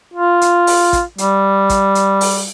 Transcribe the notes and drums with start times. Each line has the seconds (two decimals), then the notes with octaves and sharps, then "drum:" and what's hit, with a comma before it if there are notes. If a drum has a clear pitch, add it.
0.14 F4
0.41 drum: hi-hat
0.67 drum: open hi-hat
0.93 drum: kick, hi-hat
1.18 G3, drum: hi-hat
1.70 drum: kick, hi-hat
1.95 drum: hi-hat
2.21 drum: open hi-hat